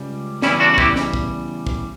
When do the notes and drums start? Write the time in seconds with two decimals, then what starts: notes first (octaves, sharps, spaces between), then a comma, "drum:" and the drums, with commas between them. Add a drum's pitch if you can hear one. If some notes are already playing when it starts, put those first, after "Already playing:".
Already playing: C#2 C#3 G3
0.42 E2 C#3 G3 C#4 E4, drum: snare
0.60 D4 F#4
0.74 F#4
0.78 E4 G4, drum: kick
0.96 drum: snare
1.14 drum: kick
1.67 drum: kick